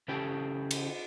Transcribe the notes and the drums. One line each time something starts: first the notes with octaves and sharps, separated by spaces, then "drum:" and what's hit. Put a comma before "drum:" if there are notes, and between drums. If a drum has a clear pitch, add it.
C#3 E4 G4 A4 C5 G5
drum: cymbal